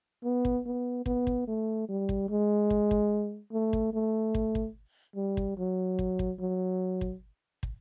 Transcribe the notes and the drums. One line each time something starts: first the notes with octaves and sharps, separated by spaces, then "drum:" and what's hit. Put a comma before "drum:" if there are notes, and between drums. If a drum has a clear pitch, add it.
B3
drum: kick
B3
B3, drum: kick
drum: kick
A3
G3
drum: kick
G#3
drum: kick
drum: kick
A3
drum: kick
A3
drum: kick
drum: kick
G3
drum: kick
F#3
drum: kick
drum: kick
F#3
drum: kick
drum: kick